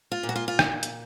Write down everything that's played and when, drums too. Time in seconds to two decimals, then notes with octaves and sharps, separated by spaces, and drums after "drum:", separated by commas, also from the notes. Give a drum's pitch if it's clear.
0.12 F4
0.23 A#2
0.29 F#4
0.36 F4
0.48 F4
0.59 drum: rim click
0.83 drum: hi-hat